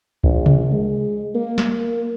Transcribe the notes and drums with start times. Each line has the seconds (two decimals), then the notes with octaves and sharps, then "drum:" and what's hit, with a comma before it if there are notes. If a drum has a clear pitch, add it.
0.24 A#1, drum: kick C#2
0.46 drum: tom C3
0.72 G#3
1.35 A#3
1.58 drum: snare